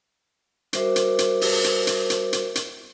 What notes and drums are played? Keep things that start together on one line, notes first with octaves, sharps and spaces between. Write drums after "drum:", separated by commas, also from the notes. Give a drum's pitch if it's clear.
G3 F#4 A#4 C5 E5 D6, drum: hi-hat
drum: hi-hat
drum: hi-hat
drum: open hi-hat
drum: hi-hat
drum: hi-hat
drum: hi-hat
drum: hi-hat
drum: hi-hat